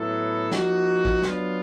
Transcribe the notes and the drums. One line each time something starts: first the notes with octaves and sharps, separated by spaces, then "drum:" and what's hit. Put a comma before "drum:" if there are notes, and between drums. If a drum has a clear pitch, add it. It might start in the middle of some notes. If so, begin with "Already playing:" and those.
Already playing: A2 F#3 B3 E4 A4
F3 A#3 D#4 F#4, drum: snare
drum: kick
F#3 B3 D4 F4, drum: snare